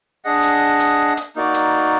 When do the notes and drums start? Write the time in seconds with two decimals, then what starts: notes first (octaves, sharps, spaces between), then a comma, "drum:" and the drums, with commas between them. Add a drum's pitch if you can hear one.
0.24 D4 G#4 D#5 F#5
0.43 drum: hi-hat
0.80 drum: hi-hat
1.17 drum: hi-hat
1.36 A#3 D#4 F#4 D5
1.54 drum: hi-hat